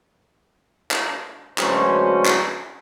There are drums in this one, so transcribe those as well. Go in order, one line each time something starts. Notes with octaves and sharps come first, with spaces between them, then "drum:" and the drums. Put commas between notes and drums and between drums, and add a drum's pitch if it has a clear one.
drum: clap
D2 F#3 G#3 C#4 B4 C5, drum: clap
drum: clap